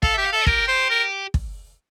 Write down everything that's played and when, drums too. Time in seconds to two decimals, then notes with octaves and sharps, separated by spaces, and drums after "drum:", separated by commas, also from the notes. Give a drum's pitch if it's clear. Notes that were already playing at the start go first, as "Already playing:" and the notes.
0.03 A4 F5, drum: kick
0.14 G4 E5
0.25 F5
0.33 A4 E5
0.47 G4 A#4, drum: kick
0.68 C5
0.90 A#4
1.34 drum: kick